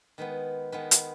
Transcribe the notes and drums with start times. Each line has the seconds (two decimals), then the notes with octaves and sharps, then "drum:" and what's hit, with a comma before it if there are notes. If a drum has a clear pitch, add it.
0.18 D#3 G#3 B3 B4
0.72 D#3 G#3 B3 B4
0.91 drum: hi-hat